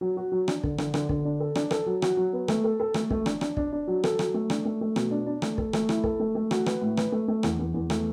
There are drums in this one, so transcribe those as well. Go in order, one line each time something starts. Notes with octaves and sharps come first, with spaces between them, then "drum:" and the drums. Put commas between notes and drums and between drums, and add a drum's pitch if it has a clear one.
F#3
F#4
F#3
D4, drum: rim click
D3, drum: kick
D3, drum: rim click
D3, drum: rim click
D3, drum: kick
D4
A4
D4, drum: rim click
A4, drum: rim click
F#3
F#4, drum: rim click
F#3
B3
A3, drum: rim click
A4
A4
A3, drum: rim click
A3, drum: kick
D4, drum: rim click
D4, drum: rim click
D4, drum: kick
D4
F#3
A4, drum: rim click
F#3, drum: rim click
A3
D4, drum: rim click
A3
A3
B2, drum: rim click
D4
D4
A3, drum: rim click
A4, drum: kick
A3, drum: rim click
E4, drum: rim click
A4, drum: kick
A3
A3
F#4, drum: rim click
B4, drum: rim click
A2
B4, drum: rim click
A3
A3
E2, drum: rim click
E2
E2
A3, drum: rim click